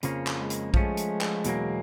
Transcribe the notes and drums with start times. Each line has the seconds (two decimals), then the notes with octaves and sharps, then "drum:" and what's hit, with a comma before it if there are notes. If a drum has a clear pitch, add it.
0.03 F2 C#3 F3 A#3 C#4, drum: hi-hat
0.27 drum: clap
0.38 G#3
0.50 drum: hi-hat
0.74 F3 G#3 A3 C#4, drum: kick A#1
0.97 drum: hi-hat
1.21 drum: clap
1.45 E2 B2 F#3 A#3, drum: hi-hat